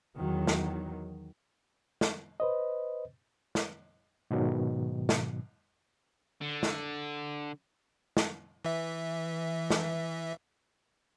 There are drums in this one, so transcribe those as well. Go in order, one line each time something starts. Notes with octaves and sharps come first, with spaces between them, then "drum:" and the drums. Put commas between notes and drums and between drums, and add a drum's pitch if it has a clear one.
E2 D#3 F#3
drum: snare
drum: snare
B4 C5 D#5
drum: snare
G#2 B2 D#3 F#3
drum: snare
D3
drum: snare
drum: snare
E3 E5
drum: snare